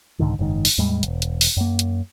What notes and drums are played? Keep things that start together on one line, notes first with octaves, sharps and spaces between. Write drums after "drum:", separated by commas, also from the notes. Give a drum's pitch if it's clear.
C2 G#2 D3 D#3
F#1 G#2 D#3
drum: open hi-hat
E2 A2 G3 G#3
E1 C#2, drum: hi-hat
drum: hi-hat
drum: open hi-hat
F#2 A#3
drum: hi-hat